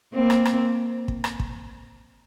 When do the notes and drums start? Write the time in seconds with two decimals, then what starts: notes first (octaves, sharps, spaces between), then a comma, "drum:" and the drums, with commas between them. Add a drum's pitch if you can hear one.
0.14 A#3 C4
0.30 drum: rim click
0.45 drum: rim click
1.08 drum: kick
1.24 drum: rim click
1.40 drum: kick